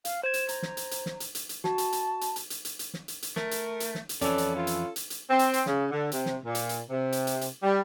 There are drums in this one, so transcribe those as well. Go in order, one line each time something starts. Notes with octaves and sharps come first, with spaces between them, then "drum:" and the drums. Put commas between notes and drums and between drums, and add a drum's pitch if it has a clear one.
F5, drum: hi-hat
C5 G#6 E7
drum: hi-hat
A#5, drum: hi-hat
drum: snare
drum: hi-hat
drum: hi-hat
drum: snare
drum: hi-hat
drum: hi-hat
drum: hi-hat
F#4 A5, drum: snare
drum: hi-hat
drum: hi-hat
drum: hi-hat
drum: hi-hat
drum: hi-hat
drum: hi-hat
drum: hi-hat
drum: snare
drum: hi-hat
drum: hi-hat
A3 A#4, drum: snare
drum: hi-hat
drum: hi-hat
drum: snare
drum: hi-hat
F2 E3 C#4 A4 D5, drum: hi-hat
drum: hi-hat
F4 A4
drum: hi-hat
drum: hi-hat
drum: hi-hat
C4
drum: hi-hat
drum: hi-hat
C#3, drum: snare
D3
C3, drum: hi-hat
drum: snare
A#2
drum: hi-hat
drum: hi-hat
C3
drum: hi-hat
drum: hi-hat
drum: hi-hat
G3